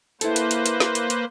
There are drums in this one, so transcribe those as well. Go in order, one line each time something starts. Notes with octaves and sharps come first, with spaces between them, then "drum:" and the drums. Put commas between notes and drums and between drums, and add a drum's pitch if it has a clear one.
A#3 E4 A4 B4 C5, drum: hi-hat
drum: hi-hat
drum: hi-hat
drum: hi-hat
drum: snare
drum: hi-hat
drum: hi-hat